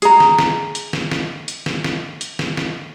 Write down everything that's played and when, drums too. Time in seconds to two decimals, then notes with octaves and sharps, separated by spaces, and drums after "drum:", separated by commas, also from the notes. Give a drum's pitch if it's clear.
0.02 G#4 A#5, drum: hi-hat
0.20 drum: snare
0.39 drum: snare
0.75 drum: hi-hat
0.93 drum: snare
1.11 drum: snare
1.48 drum: hi-hat
1.66 drum: snare
1.84 drum: snare
2.21 drum: hi-hat
2.39 drum: snare
2.57 drum: snare